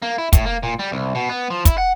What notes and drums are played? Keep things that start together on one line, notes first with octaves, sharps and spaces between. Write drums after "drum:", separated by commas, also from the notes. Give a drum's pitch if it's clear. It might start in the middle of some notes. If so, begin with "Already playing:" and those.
A#3
E4
A2, drum: kick, hi-hat
A#3
A#2
G3
C2
B2
B3
F3
E4, drum: kick, hi-hat
F#5